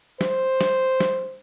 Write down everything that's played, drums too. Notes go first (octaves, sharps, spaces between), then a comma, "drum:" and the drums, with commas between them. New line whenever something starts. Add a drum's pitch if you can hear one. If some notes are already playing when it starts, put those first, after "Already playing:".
C5, drum: snare
drum: snare
drum: snare